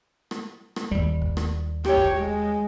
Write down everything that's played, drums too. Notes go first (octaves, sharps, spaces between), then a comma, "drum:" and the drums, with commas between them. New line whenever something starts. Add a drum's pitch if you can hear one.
drum: rim click
drum: rim click
D#2 G3, drum: kick
drum: kick
drum: rim click
G4 C#5, drum: rim click
drum: kick
G#3